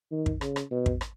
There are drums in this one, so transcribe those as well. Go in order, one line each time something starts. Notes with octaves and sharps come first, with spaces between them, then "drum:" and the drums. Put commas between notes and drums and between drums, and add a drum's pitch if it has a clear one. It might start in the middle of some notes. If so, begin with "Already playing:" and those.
D#3
drum: kick
C#3, drum: rim click
drum: rim click
B2
drum: kick
drum: rim click